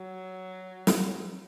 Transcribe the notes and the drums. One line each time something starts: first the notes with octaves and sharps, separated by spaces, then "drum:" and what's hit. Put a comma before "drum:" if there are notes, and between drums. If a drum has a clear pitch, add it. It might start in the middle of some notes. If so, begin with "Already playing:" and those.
Already playing: F#3
drum: snare